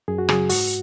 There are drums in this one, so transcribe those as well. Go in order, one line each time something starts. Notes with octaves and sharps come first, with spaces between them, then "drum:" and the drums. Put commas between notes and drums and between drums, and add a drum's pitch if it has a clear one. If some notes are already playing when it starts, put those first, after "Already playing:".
F#2 G#4
F#4
C#3 F#3 G#4, drum: rim click
G#2 F#4, drum: open hi-hat